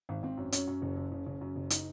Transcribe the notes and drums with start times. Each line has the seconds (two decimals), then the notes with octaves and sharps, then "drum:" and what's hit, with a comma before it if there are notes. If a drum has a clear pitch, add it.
0.09 G#1
0.23 G#1 C4
0.37 F#2
0.52 F#2 C#4, drum: hi-hat
0.67 F#2
0.82 F#1
0.97 F#1
1.12 C#3
1.27 C#3
1.41 F#2
1.56 F#1
1.70 D#4, drum: hi-hat